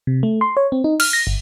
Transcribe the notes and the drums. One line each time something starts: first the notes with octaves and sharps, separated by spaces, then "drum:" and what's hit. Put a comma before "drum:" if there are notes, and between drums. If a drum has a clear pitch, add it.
C3
A3
C6
C#5
C4
D#4
F6, drum: cymbal
A#6
G1